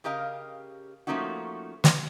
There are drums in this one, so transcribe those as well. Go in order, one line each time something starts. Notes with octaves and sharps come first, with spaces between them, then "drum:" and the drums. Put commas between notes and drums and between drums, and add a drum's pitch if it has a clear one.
C#3 G4 A#4 D#5 F5
F3 A3 A#3 C#4 D#4 F#4
drum: snare